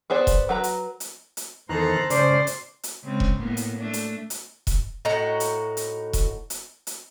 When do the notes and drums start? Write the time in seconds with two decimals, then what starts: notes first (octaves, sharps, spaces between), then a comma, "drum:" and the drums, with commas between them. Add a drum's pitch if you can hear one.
0.10 B3 G#4 C5 D5
0.27 drum: kick E1, hi-hat
0.49 F#3 B4 A#5
0.64 drum: hi-hat
1.00 drum: hi-hat
1.37 drum: hi-hat
1.69 E2 D#3 A4 C5 A#5 F#6
2.10 C#3 C5 D5, drum: hi-hat
2.47 drum: hi-hat
2.83 drum: hi-hat
3.04 C#3 G#3 C4
3.20 drum: kick E1
3.39 A2 A#3 B3
3.57 drum: hi-hat
3.77 A3 D4
3.93 drum: hi-hat
4.30 drum: hi-hat
4.67 drum: kick E1, hi-hat
5.05 A2 D#4 F#4 A#5
5.40 drum: hi-hat
5.77 drum: hi-hat
6.13 drum: kick E1, hi-hat
6.50 drum: hi-hat
6.87 drum: hi-hat